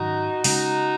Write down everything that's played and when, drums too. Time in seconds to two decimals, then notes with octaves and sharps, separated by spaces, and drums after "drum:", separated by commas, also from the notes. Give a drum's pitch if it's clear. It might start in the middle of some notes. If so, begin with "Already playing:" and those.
Already playing: G#2 D#3 F#3 C#4 D#4 F#4
0.44 C#3 G#3 C#4 D#4 F#4, drum: open hi-hat